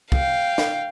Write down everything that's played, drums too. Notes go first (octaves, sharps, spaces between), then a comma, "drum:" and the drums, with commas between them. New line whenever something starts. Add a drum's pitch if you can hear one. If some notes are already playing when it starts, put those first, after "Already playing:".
F5 G5, drum: kick
drum: snare